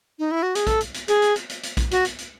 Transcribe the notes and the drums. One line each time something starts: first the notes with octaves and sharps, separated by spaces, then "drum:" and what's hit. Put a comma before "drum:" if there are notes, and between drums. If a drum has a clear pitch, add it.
D#4
E4
F#4
G#4, drum: hi-hat
A4, drum: kick A#1, hi-hat
drum: hi-hat
drum: hi-hat
G#4, drum: hi-hat
drum: hi-hat
drum: hi-hat
drum: hi-hat
drum: hi-hat
drum: kick A#1, hi-hat
F#4, drum: hi-hat
drum: hi-hat
drum: hi-hat